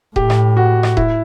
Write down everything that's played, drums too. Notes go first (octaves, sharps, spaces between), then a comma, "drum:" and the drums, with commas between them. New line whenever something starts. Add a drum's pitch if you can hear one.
A2 G4, drum: kick D#1
drum: rim click
F#4
drum: rim click
E4, drum: kick D#1